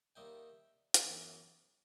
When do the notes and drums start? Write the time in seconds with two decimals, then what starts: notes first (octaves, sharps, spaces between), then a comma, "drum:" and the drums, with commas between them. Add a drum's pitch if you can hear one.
0.16 D#2 D#3 G3 D#4 E5 G5
0.94 drum: hi-hat
1.04 F#2 E3 B3